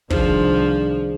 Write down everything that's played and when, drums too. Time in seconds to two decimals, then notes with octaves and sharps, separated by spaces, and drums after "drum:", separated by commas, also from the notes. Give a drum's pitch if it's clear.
0.10 C2 D#3 F3 D4 D#4 G#4 C5, drum: kick